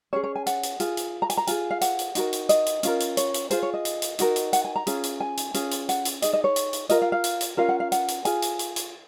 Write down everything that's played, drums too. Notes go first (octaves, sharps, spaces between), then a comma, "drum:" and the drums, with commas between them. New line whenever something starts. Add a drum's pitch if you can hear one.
C#4 G#4 C#5
C#5
G#5
F#5, drum: hi-hat
drum: hi-hat
F4 G#4 G#5, drum: hi-hat
drum: hi-hat
A#5
G#5, drum: hi-hat
A#5
F4 G#4 G#5, drum: hi-hat
F5
F#5, drum: hi-hat
drum: hi-hat
D#4 F#4 A#4, drum: hi-hat
drum: hi-hat
D#5, drum: hi-hat
drum: hi-hat
C#4 F4 A#4, drum: hi-hat
drum: hi-hat
C#5, drum: hi-hat
drum: hi-hat
F4 G#4 C5, drum: hi-hat
C#5
D#5
drum: hi-hat
drum: hi-hat
D#4 F#4 A#4, drum: hi-hat
drum: hi-hat
F#5, drum: hi-hat
G#5
A#5
C#4 F4 G#4, drum: hi-hat
drum: hi-hat
G#5
drum: hi-hat
C#4 F4 G#4, drum: hi-hat
drum: hi-hat
F#5, drum: hi-hat
drum: hi-hat
D#4 G#4 D#5, drum: hi-hat
D#5
C#5
drum: hi-hat
drum: hi-hat
F4 A#4 D#5, drum: hi-hat
F5
F5
drum: hi-hat
drum: hi-hat
C#4 F4 A#4 F5
F#5
F5
F#5, drum: hi-hat
drum: hi-hat
F4 G#4 G#5, drum: hi-hat
drum: hi-hat
drum: hi-hat
drum: hi-hat